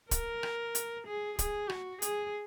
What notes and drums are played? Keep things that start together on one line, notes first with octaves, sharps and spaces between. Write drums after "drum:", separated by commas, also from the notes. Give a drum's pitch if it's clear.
A#4, drum: kick, hi-hat
drum: rim click
drum: hi-hat
G#4
G#4, drum: kick, hi-hat
F#4, drum: rim click
G#4, drum: hi-hat